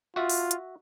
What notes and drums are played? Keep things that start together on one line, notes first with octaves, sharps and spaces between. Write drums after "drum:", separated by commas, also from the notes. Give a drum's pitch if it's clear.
F4 F#4 E5
drum: open hi-hat
drum: hi-hat